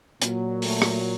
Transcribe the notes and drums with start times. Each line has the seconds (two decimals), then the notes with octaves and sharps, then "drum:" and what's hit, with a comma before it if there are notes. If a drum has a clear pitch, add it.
0.22 A#2 F#3, drum: hi-hat
0.62 A3, drum: open hi-hat
0.82 drum: rim click